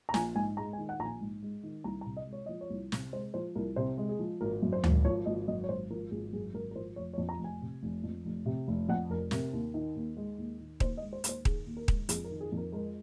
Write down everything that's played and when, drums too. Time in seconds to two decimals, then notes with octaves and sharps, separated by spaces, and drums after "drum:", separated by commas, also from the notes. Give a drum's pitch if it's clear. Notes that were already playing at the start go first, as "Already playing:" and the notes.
0.09 A#5
0.14 A#1 G#5, drum: snare
0.35 G#2 G#5
0.57 G#3 A#5
0.73 G#5
0.78 D#3
0.89 F#5
0.99 A#1 A#5
1.05 G#5
1.21 G#2
1.43 G#3
1.63 D#3
1.84 C2 A#5
2.01 A#5
2.06 C3
2.17 D#5
2.27 G#3
2.33 C#5
2.46 F3 D#5
2.61 C#5
2.70 C2
2.92 C3, drum: snare
3.13 G#3 C5
3.34 F3 C5
3.55 C2 A#4
3.76 C3 C5
3.98 G#3
4.09 G#4
4.19 F3
4.41 G#1 A#4
4.62 F#2
4.73 C5
4.84 G#1, drum: tom D2
5.04 F3 C#5
5.26 G#1 D#5
5.48 F#2 D#5
5.64 C#5
5.69 G#1 C5
5.90 F3 A#4
6.11 G#1 G#4
6.33 F#2 G#4
6.54 G#1 A#4
6.71 A#4
6.75 F3 C5
6.96 F1 C#5
7.13 C#5
7.18 F2
7.29 A#5
7.40 F1 G#5
7.62 C3
7.83 F1
8.04 F2
8.26 F1
8.46 C3
8.68 F1
8.89 F2 F#5
9.10 F1 A#4
9.31 C3 A#4, drum: snare
9.53 D#2
9.74 D#3
9.96 D#2
10.17 G#3
10.38 D#2
10.60 D#3
10.80 D#2 C5, drum: kick D#1
10.97 D#5
11.02 G#3
11.13 C5
11.24 D#2, drum: hi-hat
11.29 C5
11.45 D#3 G#4, drum: kick D#1
11.66 D#2
11.77 A#4
11.88 G#3, drum: kick D#1
12.09 F2 G#4, drum: hi-hat
12.24 A#4
12.31 D#3
12.41 G#4
12.52 F2
12.57 A#4
12.72 G#3 A#4